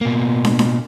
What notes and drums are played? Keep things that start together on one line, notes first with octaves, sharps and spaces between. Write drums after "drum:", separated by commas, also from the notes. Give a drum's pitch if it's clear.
B2 A#3
drum: snare
drum: snare